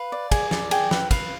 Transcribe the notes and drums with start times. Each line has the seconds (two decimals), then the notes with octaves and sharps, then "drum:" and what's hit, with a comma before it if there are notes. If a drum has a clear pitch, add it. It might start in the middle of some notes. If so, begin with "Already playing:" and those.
Already playing: B4 F5
0.12 D5
0.31 G#4, drum: kick, cymbal
0.51 D5, drum: snare
0.71 G#4 G5, drum: cymbal
0.91 B4, drum: snare
1.11 B4 F5, drum: kick, cymbal